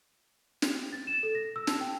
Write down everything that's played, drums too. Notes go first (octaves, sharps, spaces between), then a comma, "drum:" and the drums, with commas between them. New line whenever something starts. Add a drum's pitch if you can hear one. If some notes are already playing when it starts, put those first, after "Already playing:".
drum: snare
A6
E7
A4
A#6
E6
A5, drum: snare
G5